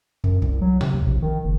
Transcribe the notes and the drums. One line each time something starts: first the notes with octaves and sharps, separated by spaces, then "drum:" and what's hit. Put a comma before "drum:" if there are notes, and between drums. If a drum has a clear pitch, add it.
F#2, drum: kick
C2, drum: kick
F#3
C3, drum: tom B2
D#2
A#1
D#3
F#1